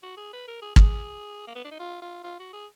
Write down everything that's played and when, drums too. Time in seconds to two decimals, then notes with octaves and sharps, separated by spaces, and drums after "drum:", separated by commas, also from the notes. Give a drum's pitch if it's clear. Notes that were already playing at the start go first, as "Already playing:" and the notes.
0.03 F#4
0.17 G#4
0.33 B4
0.48 A#4
0.62 G#4
0.76 G#4, drum: kick
1.47 A#3
1.56 B3
1.64 D4
1.71 D#4
1.79 F4
2.02 F4
2.24 F4
2.40 F#4
2.53 G#4